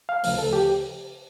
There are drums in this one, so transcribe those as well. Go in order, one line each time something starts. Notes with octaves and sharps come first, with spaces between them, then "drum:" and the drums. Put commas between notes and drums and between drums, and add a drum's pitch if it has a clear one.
F5
D2 C#3 F3 A3, drum: open hi-hat
A4
G4